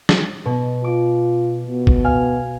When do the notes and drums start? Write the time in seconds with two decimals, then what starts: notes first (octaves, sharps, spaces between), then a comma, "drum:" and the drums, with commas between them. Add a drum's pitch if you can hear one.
0.09 drum: snare
0.45 B2
0.84 F4 D6
1.67 B2
1.87 drum: kick G#1
2.04 F5 G#5 F6